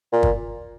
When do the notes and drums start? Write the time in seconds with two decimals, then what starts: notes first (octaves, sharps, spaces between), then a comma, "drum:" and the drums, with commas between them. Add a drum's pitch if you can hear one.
0.12 A#2
0.23 drum: kick